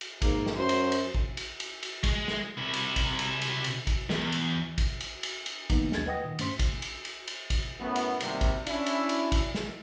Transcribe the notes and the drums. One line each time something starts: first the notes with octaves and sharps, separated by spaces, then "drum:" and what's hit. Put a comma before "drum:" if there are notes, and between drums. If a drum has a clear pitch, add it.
drum: cymbal
G#2 A#3, drum: kick, cymbal
drum: snare
F#2 C5
drum: cymbal
drum: cymbal
drum: kick
drum: cymbal
drum: cymbal
drum: cymbal
G#3, drum: kick, cymbal
drum: snare
C3 E4
drum: cymbal
drum: kick, cymbal
drum: cymbal
drum: cymbal
drum: cymbal
drum: kick, cymbal
E2, drum: snare
drum: cymbal
drum: kick, cymbal
drum: cymbal
drum: cymbal
drum: cymbal
D3 E3 F#3 A#3 B3 D#4, drum: kick, cymbal
D#2 F#3 D4 D#5 G#6 A6, drum: snare
B4 D#5 F#5 G5 D#6 A#6
A#2 D#3
G2 A3 C#4 C5 C6 B6, drum: cymbal
drum: kick, cymbal
drum: cymbal
drum: cymbal
drum: cymbal
drum: kick, cymbal
F#2 A2 B3
drum: cymbal
G#1 C3 G3 A#3, drum: cymbal
drum: kick, cymbal
C#4 D4 E4, drum: cymbal
drum: cymbal
drum: cymbal
drum: kick, cymbal
drum: snare